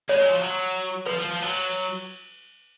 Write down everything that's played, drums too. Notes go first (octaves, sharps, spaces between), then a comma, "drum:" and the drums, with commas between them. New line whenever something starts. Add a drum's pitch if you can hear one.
G#3 C#5, drum: hi-hat
F#3
F3
F#3
F3 B4
F3
F3
F#3, drum: cymbal